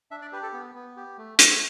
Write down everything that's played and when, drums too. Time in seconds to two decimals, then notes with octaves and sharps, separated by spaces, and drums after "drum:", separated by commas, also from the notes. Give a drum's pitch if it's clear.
0.11 D4 E5
0.22 D5
0.32 G4 B4
0.43 A4
0.53 B3
0.75 B3
0.96 G4
1.18 A3
1.39 A3, drum: hi-hat